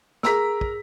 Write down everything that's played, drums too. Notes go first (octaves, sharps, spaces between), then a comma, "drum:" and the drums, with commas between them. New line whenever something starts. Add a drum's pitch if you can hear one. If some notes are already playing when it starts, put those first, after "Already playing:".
G#4 A#4 A#5 E6 B6, drum: snare
drum: kick